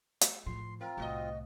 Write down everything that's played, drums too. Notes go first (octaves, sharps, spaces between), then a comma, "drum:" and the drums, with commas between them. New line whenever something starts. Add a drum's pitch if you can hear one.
G#3, drum: hi-hat
A2 F3 C6
C4 F4 A#4
C2 A2 F#4 D#5